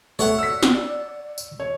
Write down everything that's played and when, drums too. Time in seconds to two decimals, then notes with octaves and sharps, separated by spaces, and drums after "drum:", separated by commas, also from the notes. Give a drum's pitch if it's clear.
0.19 A3 C#5 F#5
0.38 D5 E6 B6
0.63 drum: snare
1.38 drum: tambourine
1.60 C#5